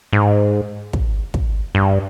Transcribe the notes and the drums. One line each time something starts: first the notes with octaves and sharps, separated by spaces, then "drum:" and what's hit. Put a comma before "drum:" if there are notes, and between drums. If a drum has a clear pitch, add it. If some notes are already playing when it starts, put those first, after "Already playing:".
G#2
drum: kick
drum: kick
G2